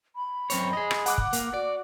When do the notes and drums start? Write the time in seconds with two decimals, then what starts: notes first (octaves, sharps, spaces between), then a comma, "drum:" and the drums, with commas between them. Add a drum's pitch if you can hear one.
0.16 B5
0.50 F#2 C4 C#5, drum: hi-hat
0.73 G#4 D#5
0.91 drum: rim click
1.06 F#5 D6 F#6, drum: hi-hat
1.18 drum: kick
1.33 A#3, drum: hi-hat
1.54 F#4 D5